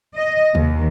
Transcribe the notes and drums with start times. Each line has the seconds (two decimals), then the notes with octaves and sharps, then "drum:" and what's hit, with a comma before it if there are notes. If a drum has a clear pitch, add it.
0.17 D#5
0.55 D#2, drum: tom